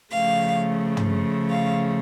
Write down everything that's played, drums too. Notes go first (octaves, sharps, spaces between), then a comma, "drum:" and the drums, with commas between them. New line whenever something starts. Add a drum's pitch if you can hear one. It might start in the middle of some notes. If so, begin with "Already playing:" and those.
C#3 F3 A3 F5
drum: tom
F5